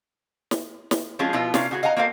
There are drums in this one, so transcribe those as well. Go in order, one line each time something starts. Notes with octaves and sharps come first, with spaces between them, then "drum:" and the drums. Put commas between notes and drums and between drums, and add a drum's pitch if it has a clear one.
drum: snare
drum: snare
F3 G#3 C4 C#4 F4 G#4
B2 F3 B3 E4 F4
C3 C#4 F4 D5 F5, drum: snare
C#3 F#4 G#4
D#5 F5 F#5 G#5 A#5
A#3 F#4 A4 A#4 C5 F5